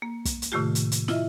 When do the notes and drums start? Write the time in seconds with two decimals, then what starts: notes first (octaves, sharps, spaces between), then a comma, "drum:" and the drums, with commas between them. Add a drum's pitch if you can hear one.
0.02 A#3
0.25 drum: kick, hi-hat
0.42 drum: hi-hat
0.52 A2 C3 D#3 A3 F4 G4
0.75 drum: hi-hat
0.92 drum: hi-hat
1.08 E4 F4 D#5 E5, drum: snare